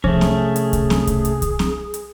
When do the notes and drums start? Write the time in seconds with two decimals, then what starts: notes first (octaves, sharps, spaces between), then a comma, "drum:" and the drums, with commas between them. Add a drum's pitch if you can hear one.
0.04 C3 F3 A3 C#4 G#4, drum: kick C2
0.21 drum: snare C4
0.56 drum: hi-hat
0.73 drum: kick C2, hi-hat
0.90 drum: snare C4
1.07 drum: kick C2, hi-hat
1.25 drum: hi-hat
1.42 drum: kick C2, hi-hat
1.59 drum: snare C4
1.94 drum: hi-hat